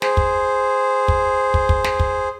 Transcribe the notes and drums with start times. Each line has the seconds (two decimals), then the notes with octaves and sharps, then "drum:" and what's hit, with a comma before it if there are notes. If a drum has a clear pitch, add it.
0.02 G#4 C5, drum: snare
0.17 drum: kick
1.08 drum: kick
1.54 drum: kick
1.69 drum: kick
1.84 drum: snare
2.00 drum: kick